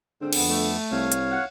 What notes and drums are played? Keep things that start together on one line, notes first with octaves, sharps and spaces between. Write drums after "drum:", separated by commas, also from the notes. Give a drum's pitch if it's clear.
G#2 D3 C4
F2 B3, drum: cymbal
A3
C2 C#5 F5
drum: hi-hat
F#5